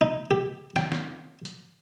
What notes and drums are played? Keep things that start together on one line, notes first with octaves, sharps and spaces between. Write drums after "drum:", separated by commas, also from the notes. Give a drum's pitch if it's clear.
D#4
G4
G5, drum: snare
drum: snare
drum: hi-hat